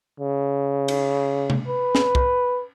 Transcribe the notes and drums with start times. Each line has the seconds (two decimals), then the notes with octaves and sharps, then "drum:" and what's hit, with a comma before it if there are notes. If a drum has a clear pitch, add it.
0.20 C#3
0.88 drum: cymbal
1.50 drum: tom C3
1.68 B4
1.95 drum: snare
2.15 drum: kick